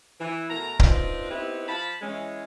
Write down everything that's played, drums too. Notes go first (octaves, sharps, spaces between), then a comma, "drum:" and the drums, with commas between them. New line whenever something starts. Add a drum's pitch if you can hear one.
E3
B2 A3 A#4 A#5
C4 D4 D#4 F4 B4, drum: kick C#1
B3 C4 D#4 E4 G4 B4
F3 F5 A5 B5
E3 G#3 C#4